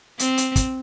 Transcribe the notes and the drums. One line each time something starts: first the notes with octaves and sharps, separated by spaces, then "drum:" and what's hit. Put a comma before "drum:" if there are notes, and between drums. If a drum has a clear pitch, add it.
C4, drum: hi-hat
drum: hi-hat
drum: kick, hi-hat